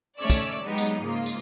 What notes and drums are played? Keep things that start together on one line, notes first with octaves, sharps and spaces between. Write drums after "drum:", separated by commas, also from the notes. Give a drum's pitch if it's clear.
D#3 A3 C#4 C#5 D5 E6
drum: kick, tambourine
F#3 G#3 B3 D#4 G4
drum: tambourine
G#2 C#3 A#3 F4
drum: tambourine